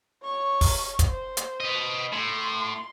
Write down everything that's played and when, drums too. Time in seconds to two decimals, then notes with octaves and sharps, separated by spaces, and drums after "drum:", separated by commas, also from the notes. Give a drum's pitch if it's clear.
0.23 C#5 C#6
0.61 drum: kick, open hi-hat
0.99 drum: kick, hi-hat
1.10 C5
1.37 drum: hi-hat
1.60 B4 D#5
2.12 A2 C6